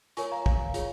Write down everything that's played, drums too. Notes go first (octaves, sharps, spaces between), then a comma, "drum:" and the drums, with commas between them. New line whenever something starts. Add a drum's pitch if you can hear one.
F4 A#4 C#5 G#5 C#6, drum: hi-hat
F5 A#5
F5, drum: kick
F4 G#4 C#5, drum: hi-hat